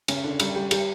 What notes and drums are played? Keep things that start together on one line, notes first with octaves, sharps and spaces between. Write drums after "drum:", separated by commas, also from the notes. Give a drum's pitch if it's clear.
C#3 C#4, drum: cymbal
D3 D4
G3 G4, drum: cymbal
G3 G4
G3 G4, drum: cymbal